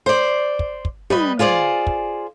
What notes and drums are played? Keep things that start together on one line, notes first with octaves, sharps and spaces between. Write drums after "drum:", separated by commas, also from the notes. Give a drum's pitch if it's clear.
C5 D5
drum: kick
drum: kick
G3 B4 D#5, drum: tom
F4 G#4 C5 D5
drum: kick